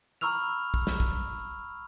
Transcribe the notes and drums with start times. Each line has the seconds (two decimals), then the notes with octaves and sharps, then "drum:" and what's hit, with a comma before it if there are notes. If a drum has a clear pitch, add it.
0.21 A#5 B5 C#6 E6 F6 F7
0.74 drum: kick
0.87 drum: snare
1.00 drum: kick